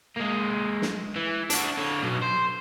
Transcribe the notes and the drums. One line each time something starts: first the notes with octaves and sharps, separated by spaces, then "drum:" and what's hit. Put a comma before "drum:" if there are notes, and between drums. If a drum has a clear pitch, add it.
G#3 A#3
drum: snare
E3
D4 F#4, drum: hi-hat
D3 C#5
B2 F#3
C5